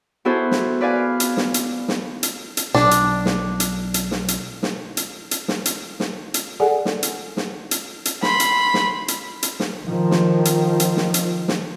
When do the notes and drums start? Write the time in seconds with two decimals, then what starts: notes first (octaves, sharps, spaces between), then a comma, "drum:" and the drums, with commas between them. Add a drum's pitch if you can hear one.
0.25 B3 E4 F#4 G#4 A4 C5
0.51 drum: snare
0.81 B4 D5 F5 G#5
1.20 drum: hi-hat
1.37 drum: snare
1.54 drum: hi-hat
1.88 drum: snare
2.23 drum: hi-hat
2.57 drum: hi-hat
2.75 B1 D4, drum: snare
2.91 drum: hi-hat
3.26 drum: snare
3.60 drum: hi-hat
3.94 drum: hi-hat
4.11 drum: snare
4.28 drum: hi-hat
4.63 drum: snare
4.97 drum: hi-hat
5.31 drum: hi-hat
5.48 drum: snare
5.65 drum: hi-hat
6.00 drum: snare
6.34 drum: hi-hat
6.60 G#4 A4 D5 F#5 G#5
6.85 drum: snare
7.03 drum: hi-hat
7.37 drum: snare
7.71 drum: hi-hat
8.05 drum: hi-hat
8.23 B5 C6, drum: snare
8.40 drum: hi-hat
8.74 drum: snare
9.08 drum: hi-hat
9.43 drum: hi-hat
9.60 drum: snare
9.85 D#3 F3
10.11 drum: snare
10.45 drum: hi-hat
10.80 drum: hi-hat
10.97 drum: snare
11.14 drum: hi-hat
11.48 drum: snare